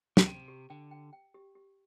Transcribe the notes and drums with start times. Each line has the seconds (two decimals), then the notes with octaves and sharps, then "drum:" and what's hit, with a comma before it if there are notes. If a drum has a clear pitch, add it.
0.17 B2, drum: snare
0.27 C3 G5
0.48 G4
0.70 D3 G5
0.91 G5
1.13 G5
1.34 G4
1.55 G4